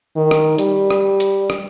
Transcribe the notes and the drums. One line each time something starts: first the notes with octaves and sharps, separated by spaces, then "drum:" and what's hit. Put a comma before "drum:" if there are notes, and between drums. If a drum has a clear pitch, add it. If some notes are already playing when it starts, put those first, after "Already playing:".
D#3
drum: rim click
G3, drum: hi-hat
drum: rim click
drum: hi-hat
drum: rim click